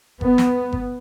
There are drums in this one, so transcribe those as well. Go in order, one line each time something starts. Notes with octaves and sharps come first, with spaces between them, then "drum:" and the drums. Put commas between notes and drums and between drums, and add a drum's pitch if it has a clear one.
B3, drum: kick G1
drum: snare
drum: kick G1